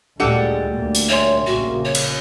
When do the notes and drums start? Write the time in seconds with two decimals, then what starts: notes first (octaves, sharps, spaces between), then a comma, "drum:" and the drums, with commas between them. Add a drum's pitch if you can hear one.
0.20 D2 A#2 G3 G#3 A4 F#5
0.75 D2 A#3
0.95 drum: hi-hat
1.09 C#5 E5 G#5 C6
1.46 A#1 C#3 A#3 F#4
1.85 C#5
1.95 drum: cymbal